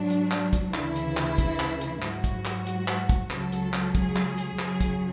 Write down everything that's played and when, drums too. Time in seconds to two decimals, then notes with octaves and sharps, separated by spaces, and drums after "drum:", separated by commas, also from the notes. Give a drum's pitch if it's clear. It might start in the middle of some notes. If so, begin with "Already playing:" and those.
Already playing: G#2 F#3 D4
0.10 drum: hi-hat
0.31 drum: clap
0.53 drum: kick, hi-hat
0.74 D2 C#3 E3 E4, drum: clap
0.96 drum: hi-hat
1.17 drum: clap
1.38 drum: kick, hi-hat
1.60 drum: clap
1.81 drum: hi-hat
2.02 G#2 F#3 F#4, drum: clap
2.24 drum: kick, hi-hat
2.45 drum: clap
2.67 drum: hi-hat
2.88 drum: clap
3.09 drum: kick, hi-hat
3.31 C#2 C#3 F#3 A4, drum: clap
3.52 drum: hi-hat
3.74 drum: clap
3.95 G#4, drum: kick, hi-hat
4.16 drum: clap
4.38 drum: hi-hat
4.59 F#2 C#3 F#3, drum: clap
4.81 drum: kick, hi-hat